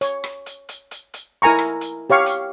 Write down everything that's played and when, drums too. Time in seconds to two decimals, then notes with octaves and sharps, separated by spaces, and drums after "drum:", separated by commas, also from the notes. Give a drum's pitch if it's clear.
0.01 C#5, drum: hi-hat
0.24 drum: rim click
0.46 drum: hi-hat
0.69 drum: hi-hat
0.91 drum: hi-hat
1.14 drum: hi-hat
1.42 E4 A#4 G#5 A#5 C#6
1.59 drum: rim click
1.81 drum: hi-hat
2.10 G4 C#5 F5 C#6
2.26 drum: hi-hat